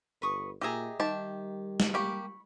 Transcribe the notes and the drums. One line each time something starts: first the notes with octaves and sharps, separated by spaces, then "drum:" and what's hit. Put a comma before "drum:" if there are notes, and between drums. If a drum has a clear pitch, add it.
G1 B4 C#6 D#6
A#2 G4 G#4 D#5 E5 A#5
D#3 G3 G4 A5
drum: snare
A#3 G4 B5 C#6